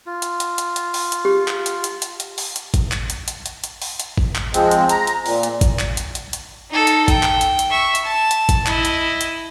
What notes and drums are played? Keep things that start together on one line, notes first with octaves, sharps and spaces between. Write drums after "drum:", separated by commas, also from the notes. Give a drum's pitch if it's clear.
F4
drum: hi-hat
drum: hi-hat
drum: hi-hat
drum: hi-hat
drum: open hi-hat
drum: hi-hat
G4
drum: clap
drum: hi-hat
drum: hi-hat
drum: hi-hat
drum: hi-hat
drum: open hi-hat
drum: hi-hat
drum: kick G#1, hi-hat
drum: clap
drum: hi-hat
drum: hi-hat
drum: hi-hat
drum: hi-hat
drum: open hi-hat
drum: hi-hat
drum: kick G#1
drum: clap
F3 G#3 C4, drum: hi-hat
drum: hi-hat
A#5, drum: hi-hat
drum: hi-hat
A#2, drum: open hi-hat
drum: hi-hat
drum: kick G#1, hi-hat
drum: clap
drum: hi-hat
drum: hi-hat
drum: hi-hat
D#4 A4
drum: hi-hat
G5, drum: kick G#1, hi-hat
drum: clap
drum: hi-hat
drum: hi-hat
E5 C#6
drum: hi-hat
A5
drum: hi-hat
drum: kick G#1, hi-hat
E4 D#5, drum: clap
drum: hi-hat
drum: hi-hat